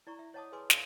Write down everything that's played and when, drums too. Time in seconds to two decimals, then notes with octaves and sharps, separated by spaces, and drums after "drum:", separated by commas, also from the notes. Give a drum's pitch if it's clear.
0.07 E4 D5 A#5 C#6
0.19 E5
0.34 C#5 D#5 F#5 A5 D6 D#6
0.52 G#4 B4 G#5 C6 D6
0.70 D5 F5 C6, drum: snare